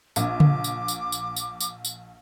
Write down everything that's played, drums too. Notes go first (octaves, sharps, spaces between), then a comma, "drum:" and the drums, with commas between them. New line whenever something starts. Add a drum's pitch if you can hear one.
A#1 D6, drum: tambourine
drum: tom C#3
drum: tambourine
drum: tambourine
drum: tambourine
drum: tambourine
drum: tambourine
drum: tambourine